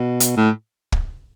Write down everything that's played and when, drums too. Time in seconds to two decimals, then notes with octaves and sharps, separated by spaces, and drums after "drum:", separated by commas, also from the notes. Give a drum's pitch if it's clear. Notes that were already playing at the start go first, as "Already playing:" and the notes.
Already playing: B2
0.20 drum: hi-hat
0.37 A2
0.92 drum: kick